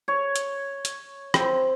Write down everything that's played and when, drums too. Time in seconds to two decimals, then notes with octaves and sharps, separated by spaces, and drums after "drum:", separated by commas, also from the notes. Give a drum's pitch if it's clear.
0.08 C#5
0.36 drum: hi-hat
0.85 drum: hi-hat
1.34 C4, drum: rim click